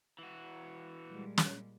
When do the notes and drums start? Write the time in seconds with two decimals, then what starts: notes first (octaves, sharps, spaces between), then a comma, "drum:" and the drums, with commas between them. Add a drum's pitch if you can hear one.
0.19 E3 F#4
1.09 A#2 G3 G#3
1.38 drum: snare